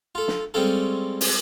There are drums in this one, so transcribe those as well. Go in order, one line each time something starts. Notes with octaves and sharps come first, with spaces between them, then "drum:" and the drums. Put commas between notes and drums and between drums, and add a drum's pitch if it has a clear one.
F4 A4
drum: snare
G3 G#3 C4 C#4 F4 A4
drum: open hi-hat